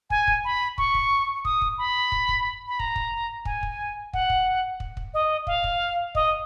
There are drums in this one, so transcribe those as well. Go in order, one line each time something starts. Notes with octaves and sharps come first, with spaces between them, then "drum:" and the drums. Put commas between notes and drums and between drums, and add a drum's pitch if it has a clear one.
G#5, drum: kick
drum: kick
B5
C#6, drum: kick
drum: kick
D#6, drum: kick
drum: kick
B5
drum: kick
drum: kick
B5
A#5, drum: kick
drum: kick
G#5, drum: kick
drum: kick
F#5, drum: kick
drum: kick
drum: kick
drum: kick
D#5
F5, drum: kick
drum: kick
D#5, drum: kick